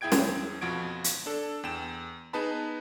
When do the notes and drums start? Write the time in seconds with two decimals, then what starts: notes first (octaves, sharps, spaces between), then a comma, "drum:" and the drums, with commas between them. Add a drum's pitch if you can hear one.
0.01 E2 E4 G#4 G5 G#6 D7
0.12 drum: snare
0.61 F2 B2 F3 F#4 G#6 D7
1.04 drum: hi-hat
1.26 D4 A4
1.64 E2 G5 E7
2.33 B3 D#4 G#4 B4 A5 B5